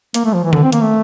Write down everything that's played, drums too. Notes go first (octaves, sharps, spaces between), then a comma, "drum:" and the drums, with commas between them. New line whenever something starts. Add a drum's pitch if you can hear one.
A#3, drum: hi-hat
A3
F3
E3
D3, drum: tom D#3
C4
A#3, drum: hi-hat
A3